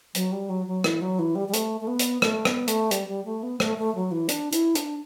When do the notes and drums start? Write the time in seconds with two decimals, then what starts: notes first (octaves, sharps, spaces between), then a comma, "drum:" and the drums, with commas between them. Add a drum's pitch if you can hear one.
0.15 F#3, drum: hi-hat
0.32 G3
0.49 F#3
0.67 F#3
0.84 E3, drum: rim click
1.01 F#3
1.19 E3
1.35 G3
1.48 G3
1.53 A3, drum: hi-hat
1.81 A3
1.87 B3
1.99 drum: hi-hat
2.22 A3, drum: rim click
2.45 B3, drum: rim click
2.68 A3, drum: hi-hat
2.91 G3, drum: hi-hat
3.08 G3
3.25 A3
3.43 B3
3.60 A3, drum: rim click
3.78 A3
3.95 F#3
4.11 E3
4.29 D4, drum: hi-hat
4.52 E4, drum: hi-hat
4.75 D4, drum: hi-hat